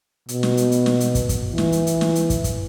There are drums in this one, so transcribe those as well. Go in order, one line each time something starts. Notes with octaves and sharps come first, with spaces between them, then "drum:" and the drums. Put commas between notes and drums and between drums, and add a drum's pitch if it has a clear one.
B2, drum: hi-hat
drum: snare
drum: hi-hat
drum: hi-hat
drum: snare
drum: hi-hat
drum: kick, hi-hat
drum: kick, hi-hat
E3
drum: snare
drum: hi-hat
drum: hi-hat
drum: snare
drum: hi-hat
drum: kick, hi-hat
drum: kick, hi-hat